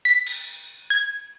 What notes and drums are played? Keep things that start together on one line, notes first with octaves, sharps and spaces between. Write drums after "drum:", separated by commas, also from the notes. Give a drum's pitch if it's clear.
B6, drum: open hi-hat
drum: cymbal
G#6